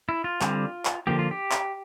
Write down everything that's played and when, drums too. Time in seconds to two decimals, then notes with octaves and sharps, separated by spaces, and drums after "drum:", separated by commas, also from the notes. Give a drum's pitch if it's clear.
0.09 E4
0.24 F4
0.41 D3 G3 C4, drum: clap
0.85 drum: clap
1.07 D3 F3 A#3 G4
1.19 F4
1.31 G4
1.51 drum: clap